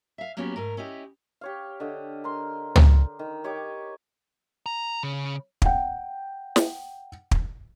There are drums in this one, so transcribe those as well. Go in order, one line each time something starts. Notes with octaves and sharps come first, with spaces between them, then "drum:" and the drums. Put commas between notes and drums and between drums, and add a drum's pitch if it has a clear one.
E5 F5
F#3 A#3 B3 C#4 F#4 G4
G#2 A3 A#4
C#4 E4 G4 D#5
G4 C#5 F5
D3 D#5 G5
A#4 C6
drum: tom
D#3
G4 C#5 D#5 D6
A#5
C#3
F#5 G5, drum: kick
drum: snare
drum: kick